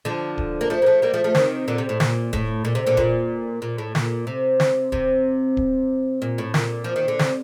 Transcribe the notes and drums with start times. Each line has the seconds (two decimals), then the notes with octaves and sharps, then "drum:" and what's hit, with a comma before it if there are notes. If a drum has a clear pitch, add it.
0.05 D3 F3
0.38 drum: kick D1
0.61 A#3
0.70 F3 A3
0.82 A#3
0.86 F3 A3
1.02 G3 A#3
1.14 F3 A3
1.24 F3 A3
1.35 C3 D#3, drum: snare
1.68 A#2 D3
1.78 C3
1.89 A2
2.00 A#2, drum: snare
2.33 A2, drum: kick D1
2.65 A#2
2.75 C3
2.86 A#2 D3
2.97 A#2, drum: kick D1
3.62 A#2
3.78 A2
3.95 A#2, drum: snare
4.27 C3
4.60 drum: snare
4.92 C3, drum: kick D1
5.57 drum: kick D1
6.22 A#2
6.38 A2
6.54 A#2, drum: snare
6.84 F3
6.96 D#3
7.08 D3
7.19 C3, drum: snare